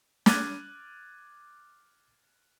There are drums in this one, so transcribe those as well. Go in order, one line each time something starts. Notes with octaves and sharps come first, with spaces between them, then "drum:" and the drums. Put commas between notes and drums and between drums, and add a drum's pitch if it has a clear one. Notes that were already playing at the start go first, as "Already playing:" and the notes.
D6 F6 F#6 G#6 A6 D#7, drum: snare